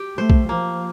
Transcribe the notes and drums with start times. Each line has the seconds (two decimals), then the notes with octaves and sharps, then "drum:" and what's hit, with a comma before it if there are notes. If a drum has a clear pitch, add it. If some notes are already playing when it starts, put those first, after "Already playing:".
Already playing: G4
0.18 A3 C5
0.30 drum: kick
0.49 F3 A#3